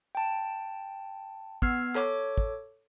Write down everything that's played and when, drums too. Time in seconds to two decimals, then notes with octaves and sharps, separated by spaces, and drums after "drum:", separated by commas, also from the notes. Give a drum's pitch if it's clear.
0.15 G5 A5
1.62 B3 E6 F6 G#6 C7, drum: kick
1.95 A4 C#5 D6, drum: clap
2.38 drum: kick